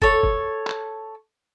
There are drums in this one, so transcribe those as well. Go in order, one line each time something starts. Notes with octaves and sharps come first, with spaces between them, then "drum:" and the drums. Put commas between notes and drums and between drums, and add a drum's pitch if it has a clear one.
A4 C#5, drum: kick
drum: kick
drum: clap